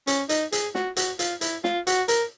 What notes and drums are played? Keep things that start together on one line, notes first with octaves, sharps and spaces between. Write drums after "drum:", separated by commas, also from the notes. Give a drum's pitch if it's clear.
C#4, drum: hi-hat
D#4, drum: hi-hat
G#4, drum: hi-hat
F#4, drum: snare
F#4, drum: hi-hat
F4, drum: hi-hat
E4, drum: hi-hat
F4, drum: snare
F#4, drum: hi-hat
A#4, drum: hi-hat